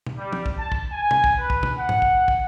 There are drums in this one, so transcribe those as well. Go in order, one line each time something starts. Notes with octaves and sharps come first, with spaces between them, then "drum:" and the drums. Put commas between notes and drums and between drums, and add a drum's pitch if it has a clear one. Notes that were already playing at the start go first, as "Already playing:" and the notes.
drum: tom
G3
drum: tom
drum: kick
A5
drum: kick
G#5
drum: tom
drum: kick
B4
drum: kick
drum: tom
F#5
drum: tom G#2
drum: kick
drum: kick